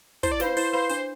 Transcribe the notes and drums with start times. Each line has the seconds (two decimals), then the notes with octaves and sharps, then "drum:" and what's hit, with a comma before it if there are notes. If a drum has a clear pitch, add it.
0.23 E4 C5, drum: kick, hi-hat
0.32 D5
0.40 B4 C5 F5 B5, drum: snare
0.57 E4 C5, drum: open hi-hat
0.73 B4 C5 F5 B5
0.89 D4 C5, drum: hi-hat